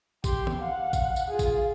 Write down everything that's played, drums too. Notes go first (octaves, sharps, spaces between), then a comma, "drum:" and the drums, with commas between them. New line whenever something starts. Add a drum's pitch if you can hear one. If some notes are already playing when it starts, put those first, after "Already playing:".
G4 C6, drum: kick, tambourine
drum: tom D#3
F5 F#5
drum: kick, tambourine
drum: tambourine
F4 G#4
drum: kick, tambourine